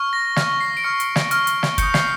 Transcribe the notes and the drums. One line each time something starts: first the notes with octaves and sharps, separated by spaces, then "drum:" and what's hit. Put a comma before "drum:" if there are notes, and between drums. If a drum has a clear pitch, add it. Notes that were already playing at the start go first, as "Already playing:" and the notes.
Already playing: C#6 F6
A#6
C#6 F6, drum: snare
C7
D7
C#6 F6 C#7
drum: hi-hat
drum: snare
C#6 F6, drum: hi-hat
drum: hi-hat
drum: snare
D#6 G6 C#7, drum: kick, hi-hat
C7, drum: snare